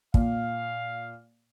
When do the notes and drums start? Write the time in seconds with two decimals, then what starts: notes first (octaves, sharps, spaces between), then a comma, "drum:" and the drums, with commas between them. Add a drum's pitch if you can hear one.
0.14 A#2 F5, drum: kick